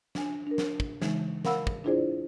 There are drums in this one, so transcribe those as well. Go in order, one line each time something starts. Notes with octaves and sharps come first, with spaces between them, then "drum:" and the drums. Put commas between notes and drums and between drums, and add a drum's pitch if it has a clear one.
D4 G#5, drum: snare
D4 A#4
drum: snare
drum: kick
C#3 E3 G#3 D#4, drum: snare
A#4 F5 F#5 B5 E6, drum: snare
drum: kick
D4 E4 F4 G#4 C5 D5